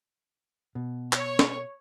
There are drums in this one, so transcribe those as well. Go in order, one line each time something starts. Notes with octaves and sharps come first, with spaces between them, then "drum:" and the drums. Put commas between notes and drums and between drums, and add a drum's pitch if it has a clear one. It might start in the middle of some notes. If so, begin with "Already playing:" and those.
B2
C#5, drum: clap
drum: snare